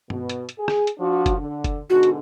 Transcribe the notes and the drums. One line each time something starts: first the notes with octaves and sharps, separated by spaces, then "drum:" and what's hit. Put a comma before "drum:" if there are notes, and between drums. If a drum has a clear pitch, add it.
B2, drum: tom G2
drum: hi-hat
drum: hi-hat
G#4
drum: rim click
drum: hi-hat
F3 D4 F#4
drum: kick F#1, hi-hat
D3
drum: kick F#1, hi-hat
G#2 B2 D3 F#4
drum: hi-hat